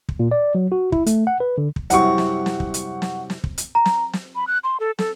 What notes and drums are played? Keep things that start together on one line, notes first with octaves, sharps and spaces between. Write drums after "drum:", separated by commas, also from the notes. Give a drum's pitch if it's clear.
drum: kick
A#2
D5
F#3
F#4
E4, drum: kick
A3, drum: hi-hat
F#5
B4
D3
drum: kick
C2 F#2 C3 F#5 C#6, drum: hi-hat
drum: snare
drum: snare
drum: kick
drum: hi-hat
drum: snare
drum: snare
drum: kick
drum: hi-hat
A#5
drum: snare
drum: snare
B5
F#6
C6
A4
A4, drum: snare